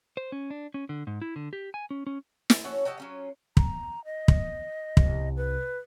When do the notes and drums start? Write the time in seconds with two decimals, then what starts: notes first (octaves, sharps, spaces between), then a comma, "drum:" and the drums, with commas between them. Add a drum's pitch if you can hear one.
0.17 C5
0.32 C#4
0.50 D4
0.74 C#4
0.89 D3
1.07 G#2
1.22 E4
1.36 D3
1.53 G4
1.74 G#5
1.91 C#4
2.07 C#4
2.50 drum: snare
2.64 C#4 F#4 A4 C#5
2.85 F#4 G4 A4 D#5
2.98 F#3 C#4 F4
3.57 A#5, drum: kick
4.05 D#5
4.28 drum: kick
4.97 C2, drum: kick
5.37 B4